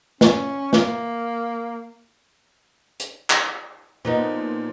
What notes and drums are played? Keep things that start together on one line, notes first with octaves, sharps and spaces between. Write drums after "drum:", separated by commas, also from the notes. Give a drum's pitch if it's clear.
C#4, drum: snare
A#3, drum: snare
drum: hi-hat
drum: clap
A#2 F3 B3 D#4